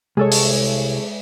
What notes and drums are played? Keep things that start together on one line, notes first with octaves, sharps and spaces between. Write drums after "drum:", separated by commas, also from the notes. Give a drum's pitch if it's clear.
C2 G#3 G#4 A4 C#5
drum: open hi-hat